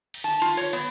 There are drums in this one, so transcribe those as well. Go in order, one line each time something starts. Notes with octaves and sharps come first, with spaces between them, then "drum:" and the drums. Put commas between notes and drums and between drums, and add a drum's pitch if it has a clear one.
drum: cymbal
A5
F4, drum: cymbal
C#5, drum: cymbal
B3, drum: cymbal